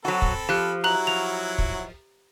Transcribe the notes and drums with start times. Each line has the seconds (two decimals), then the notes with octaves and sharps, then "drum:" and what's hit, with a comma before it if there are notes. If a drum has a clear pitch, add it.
0.05 F#3 C4 F#4 A4 B5
0.22 drum: kick
0.49 F3 G4 F#6
0.84 F#3 E4 F#4 A#5 F#6 F#7
1.07 F3 F7
1.58 drum: kick